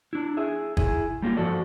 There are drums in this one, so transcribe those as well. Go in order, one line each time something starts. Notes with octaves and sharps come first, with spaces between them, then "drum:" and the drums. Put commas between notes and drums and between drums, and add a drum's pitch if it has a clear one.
D4 E4
G#4 E5
E4 G#4, drum: kick
G3 A#3 F4 G4
G2 D#3 F3 F#4 A4 D5